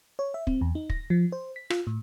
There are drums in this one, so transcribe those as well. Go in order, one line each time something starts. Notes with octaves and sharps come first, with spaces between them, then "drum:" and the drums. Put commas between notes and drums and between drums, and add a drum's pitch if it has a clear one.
C#5
E5
C4, drum: kick
E2
D#4
A#6, drum: kick
F3
C5
B6
F4, drum: rim click
A2